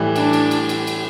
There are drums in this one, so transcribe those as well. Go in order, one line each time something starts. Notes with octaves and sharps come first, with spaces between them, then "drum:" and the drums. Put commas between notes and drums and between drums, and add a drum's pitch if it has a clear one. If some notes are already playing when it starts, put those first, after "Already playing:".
Already playing: A2 E3 G3
D4, drum: cymbal
drum: cymbal
drum: cymbal
drum: cymbal
drum: cymbal